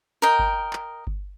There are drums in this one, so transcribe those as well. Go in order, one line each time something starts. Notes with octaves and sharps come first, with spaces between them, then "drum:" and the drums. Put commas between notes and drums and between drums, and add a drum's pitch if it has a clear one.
A#4 D#5 G5
drum: kick G1
drum: clap
drum: kick G1